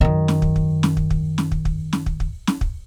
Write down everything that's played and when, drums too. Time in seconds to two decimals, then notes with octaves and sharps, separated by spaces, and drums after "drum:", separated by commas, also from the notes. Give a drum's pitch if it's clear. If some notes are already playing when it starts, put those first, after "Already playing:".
0.01 F#2 D#3
0.28 drum: snare
0.42 drum: kick
0.56 drum: kick
0.83 drum: snare
0.97 drum: kick
1.10 drum: kick
1.38 drum: snare
1.52 drum: kick
1.65 drum: kick
1.93 drum: snare
2.06 drum: kick
2.20 drum: kick
2.47 drum: snare
2.61 drum: kick